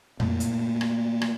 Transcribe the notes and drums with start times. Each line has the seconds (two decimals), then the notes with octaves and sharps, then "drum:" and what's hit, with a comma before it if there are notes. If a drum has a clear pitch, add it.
0.20 A#2 A3 A#3, drum: tom F2
0.40 drum: hi-hat
0.81 drum: rim click
1.22 drum: rim click